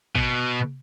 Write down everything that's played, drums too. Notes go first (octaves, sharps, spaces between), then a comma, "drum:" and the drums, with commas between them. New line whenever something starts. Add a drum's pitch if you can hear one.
B2, drum: kick
drum: tom